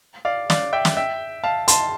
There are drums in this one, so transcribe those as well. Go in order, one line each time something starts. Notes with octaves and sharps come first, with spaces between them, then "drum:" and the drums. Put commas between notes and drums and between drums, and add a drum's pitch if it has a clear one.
D5 F5
D5 F5, drum: snare
E5 G5
drum: snare
E5 G5
F5 A5
A5 C6, drum: hi-hat